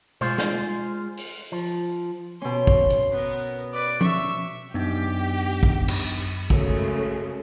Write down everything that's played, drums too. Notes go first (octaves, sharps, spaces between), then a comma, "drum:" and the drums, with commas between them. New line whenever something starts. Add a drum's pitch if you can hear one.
G#3 F4 C5, drum: tom B2
drum: snare
drum: open hi-hat
F3
B2 C#4 C6
drum: kick
drum: hi-hat
B3 A#4
B4 D5
E5 C#6, drum: tom F3
F#2 B3 D4 D#4 G4
drum: kick
drum: cymbal
C#3 G#3 A3 F#4 A#4 C#5, drum: kick